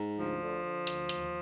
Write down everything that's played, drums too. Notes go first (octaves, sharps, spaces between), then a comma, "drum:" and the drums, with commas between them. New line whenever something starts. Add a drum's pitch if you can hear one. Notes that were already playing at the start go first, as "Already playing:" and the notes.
Already playing: G#2
D2 F3
D3
D3
D2, drum: hi-hat
D#2, drum: hi-hat